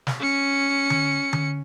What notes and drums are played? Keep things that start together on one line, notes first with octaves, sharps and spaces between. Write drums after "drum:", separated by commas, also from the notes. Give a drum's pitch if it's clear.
drum: snare
C#4 C#7
drum: tom D3
drum: tom D3